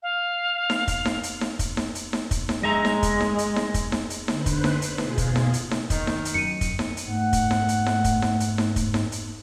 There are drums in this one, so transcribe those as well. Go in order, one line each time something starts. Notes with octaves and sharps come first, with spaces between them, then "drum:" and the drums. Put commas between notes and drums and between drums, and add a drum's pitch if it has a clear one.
F5
drum: snare D#4
drum: kick, hi-hat
drum: snare D#4
drum: hi-hat
drum: snare D#4
drum: kick, hi-hat
drum: snare D#4
drum: hi-hat
drum: snare D#4
drum: kick, hi-hat
drum: snare D#4
G#3 D#5 E5 A#5
drum: snare D#4
drum: kick, hi-hat
drum: snare D#4
drum: hi-hat
drum: snare D#4
drum: kick, hi-hat
drum: snare D#4
drum: hi-hat
D3 B4 C5 F#6, drum: snare D#4
drum: kick, hi-hat
drum: snare D#4
drum: hi-hat
B2 F4 G#4, drum: snare D#4
drum: kick, hi-hat
drum: snare D#4
drum: hi-hat
drum: snare D#4
D#3, drum: kick, hi-hat
drum: snare D#4
drum: hi-hat
F#2 C#7 D#7
drum: kick, hi-hat
drum: snare D#4
drum: hi-hat
G#2 A3 F#5
drum: kick, hi-hat
drum: snare D#4
drum: hi-hat
drum: snare D#4
drum: kick, hi-hat
drum: snare D#4
drum: hi-hat
drum: snare D#4
drum: kick, hi-hat
drum: snare D#4
drum: hi-hat